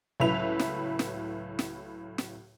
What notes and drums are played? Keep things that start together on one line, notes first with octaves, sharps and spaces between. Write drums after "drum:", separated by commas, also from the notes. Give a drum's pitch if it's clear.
C#2 A2 F#3 B4 E5 F7
drum: snare
drum: snare
drum: snare
drum: snare